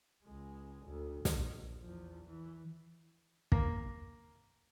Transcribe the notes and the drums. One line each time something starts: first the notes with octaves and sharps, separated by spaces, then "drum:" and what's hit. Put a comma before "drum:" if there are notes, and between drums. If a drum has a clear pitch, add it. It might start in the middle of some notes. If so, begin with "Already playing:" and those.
C#2 G#3
D2
A#1, drum: snare
E2 F3
E3
A#3, drum: kick